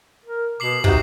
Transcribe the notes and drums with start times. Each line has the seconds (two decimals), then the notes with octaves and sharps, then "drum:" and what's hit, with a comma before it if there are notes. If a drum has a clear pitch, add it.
0.25 A#4
0.60 B2 D6 C7 F#7
0.84 C3 D#4 F#4, drum: kick